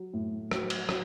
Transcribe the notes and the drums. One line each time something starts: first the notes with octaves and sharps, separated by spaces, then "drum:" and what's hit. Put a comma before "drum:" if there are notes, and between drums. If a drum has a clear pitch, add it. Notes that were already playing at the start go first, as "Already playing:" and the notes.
Already playing: F#3
A2
F#3, drum: rim click
drum: cymbal
F#3, drum: rim click